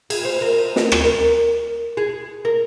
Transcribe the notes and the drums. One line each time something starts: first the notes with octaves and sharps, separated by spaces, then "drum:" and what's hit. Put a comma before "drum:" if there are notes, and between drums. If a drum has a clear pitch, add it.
G#4, drum: cymbal
C5
A#4
drum: snare
drum: rim click
A#4
G#4
A#4